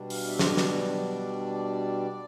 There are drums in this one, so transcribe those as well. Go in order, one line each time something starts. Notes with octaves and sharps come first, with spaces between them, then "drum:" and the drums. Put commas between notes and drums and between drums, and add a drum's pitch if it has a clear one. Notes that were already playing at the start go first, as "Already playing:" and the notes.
Already playing: B2 G3 D4
F5, drum: open hi-hat
E5
C5, drum: snare
D5
drum: snare